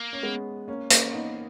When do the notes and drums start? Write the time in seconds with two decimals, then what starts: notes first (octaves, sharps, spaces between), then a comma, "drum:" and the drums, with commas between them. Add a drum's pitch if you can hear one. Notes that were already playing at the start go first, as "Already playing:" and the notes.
Already playing: A#3
0.13 C#4
0.23 G#3 B3
0.68 A#3 C#4
0.90 A#3 C#4, drum: hi-hat
1.13 B3 D#4